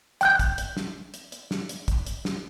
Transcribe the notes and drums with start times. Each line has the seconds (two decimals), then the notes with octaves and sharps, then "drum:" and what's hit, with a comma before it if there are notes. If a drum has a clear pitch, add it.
0.21 G5 F#6 G6, drum: hi-hat
0.39 drum: kick, hi-hat
0.58 drum: hi-hat
0.77 drum: snare
1.14 drum: hi-hat
1.32 drum: hi-hat
1.51 drum: snare
1.69 drum: hi-hat
1.88 drum: kick, hi-hat
2.06 drum: hi-hat
2.25 drum: snare